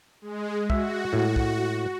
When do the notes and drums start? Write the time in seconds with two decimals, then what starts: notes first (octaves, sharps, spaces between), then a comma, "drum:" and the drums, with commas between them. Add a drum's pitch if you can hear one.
0.22 G#3
0.70 F#4 E5, drum: kick
1.13 A2
1.36 drum: kick